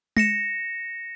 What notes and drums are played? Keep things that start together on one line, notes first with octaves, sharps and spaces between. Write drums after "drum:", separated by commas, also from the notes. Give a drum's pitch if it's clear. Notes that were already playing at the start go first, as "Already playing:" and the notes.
A#6 C#7 E7, drum: tom G#3